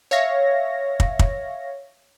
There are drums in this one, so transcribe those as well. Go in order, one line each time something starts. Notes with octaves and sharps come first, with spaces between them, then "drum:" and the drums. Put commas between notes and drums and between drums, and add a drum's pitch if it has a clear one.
C#5 E5 F5 A#6
drum: kick
drum: kick